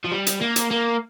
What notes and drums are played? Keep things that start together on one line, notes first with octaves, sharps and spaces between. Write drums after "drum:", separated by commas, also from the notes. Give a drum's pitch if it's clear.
F3
G3
drum: hi-hat
A#3
drum: hi-hat
A#3